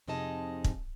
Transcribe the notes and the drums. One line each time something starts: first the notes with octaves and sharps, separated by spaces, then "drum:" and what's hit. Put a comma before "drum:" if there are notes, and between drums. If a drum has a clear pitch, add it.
F2 C3 D#4 G#4 D#5 A5
drum: kick